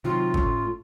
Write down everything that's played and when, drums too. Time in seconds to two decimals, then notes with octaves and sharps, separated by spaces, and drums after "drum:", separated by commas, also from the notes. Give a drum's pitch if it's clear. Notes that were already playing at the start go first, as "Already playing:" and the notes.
0.04 C3 D#3 F#3 F4
0.34 A2 A3 C#4, drum: kick G1